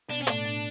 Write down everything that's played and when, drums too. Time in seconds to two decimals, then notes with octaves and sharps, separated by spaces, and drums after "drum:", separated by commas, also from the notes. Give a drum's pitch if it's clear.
0.09 B2 B3 D4
0.21 C#4
0.27 A2 A3 D4, drum: hi-hat
0.46 A2 A3